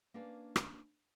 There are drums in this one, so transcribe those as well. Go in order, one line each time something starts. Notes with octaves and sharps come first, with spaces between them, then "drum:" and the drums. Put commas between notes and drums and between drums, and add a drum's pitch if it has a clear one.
A#3 C#4 D4 B4 D5 F5
drum: rim click